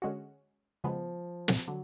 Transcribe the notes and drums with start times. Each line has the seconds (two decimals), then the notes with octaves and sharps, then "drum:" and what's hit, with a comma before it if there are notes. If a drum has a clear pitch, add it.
0.02 D3 G#3 C#4 F#4
0.84 C#3 F3 G#3 B3
1.48 drum: snare
1.67 D3 F#3